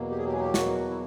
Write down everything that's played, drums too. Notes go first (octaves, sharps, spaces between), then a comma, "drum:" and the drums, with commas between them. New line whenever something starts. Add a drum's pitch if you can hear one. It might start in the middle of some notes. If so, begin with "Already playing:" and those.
Already playing: E2 B2 F#3 A#3
G4
G#4
G4
G#4
G4
F#4, drum: snare
E4